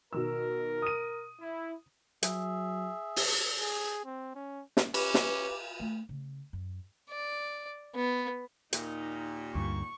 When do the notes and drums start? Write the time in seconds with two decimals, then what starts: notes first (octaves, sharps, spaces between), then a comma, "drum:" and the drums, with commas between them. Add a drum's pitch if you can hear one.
0.13 B2 D#3 A#4 E6
0.82 D#6 D#7
1.41 E4
2.23 F#3 G#4 E5, drum: hi-hat
3.16 drum: open hi-hat
3.59 G#4
4.05 C4
4.35 C#4
4.77 drum: snare
4.94 C#4 G4 B4 D6, drum: cymbal
5.14 drum: snare
5.80 A3
6.09 C#3
6.53 F#2
7.10 D5
7.95 B3
8.73 D#2 A#2 D#4, drum: hi-hat
9.55 D2 G2 C#6